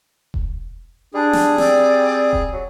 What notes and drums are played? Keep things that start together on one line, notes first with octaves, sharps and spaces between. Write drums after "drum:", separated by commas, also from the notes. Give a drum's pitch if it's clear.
drum: kick E1
G3 D4 G#4
drum: snare
C4 D5, drum: snare
drum: kick E1
F#3